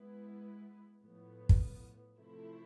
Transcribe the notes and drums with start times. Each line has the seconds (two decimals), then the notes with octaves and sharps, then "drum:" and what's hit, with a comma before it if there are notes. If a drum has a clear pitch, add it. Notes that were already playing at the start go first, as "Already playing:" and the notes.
Already playing: G#3 B3 E4 B4
1.02 A2 F3 B3
1.49 drum: kick
2.17 C3 F3 A3 E4